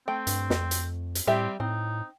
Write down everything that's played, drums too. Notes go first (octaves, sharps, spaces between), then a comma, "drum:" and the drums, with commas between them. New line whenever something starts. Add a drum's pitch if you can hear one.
A3 C4 G5
G2, drum: hi-hat
F2, drum: snare
drum: hi-hat
drum: hi-hat
A2 G3 C4 G4 E5
A2 C4 D#4